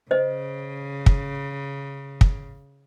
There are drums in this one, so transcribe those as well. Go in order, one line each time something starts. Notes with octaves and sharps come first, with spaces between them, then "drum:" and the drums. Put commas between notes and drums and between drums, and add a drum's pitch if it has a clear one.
C#3 C5 D#5
drum: kick
drum: kick